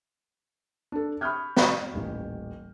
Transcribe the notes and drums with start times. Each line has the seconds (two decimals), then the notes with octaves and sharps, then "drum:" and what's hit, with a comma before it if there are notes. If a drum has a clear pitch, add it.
0.92 D4 A4
1.21 B5 C#6 D#6 F6 G6 G#6
1.57 drum: snare
1.94 D#1 A1